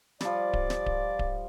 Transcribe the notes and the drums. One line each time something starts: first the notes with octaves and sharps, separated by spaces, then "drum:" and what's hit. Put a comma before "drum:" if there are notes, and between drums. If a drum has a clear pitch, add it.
F3 G3 D5, drum: snare
drum: kick D1
drum: snare
drum: kick D1
drum: kick D1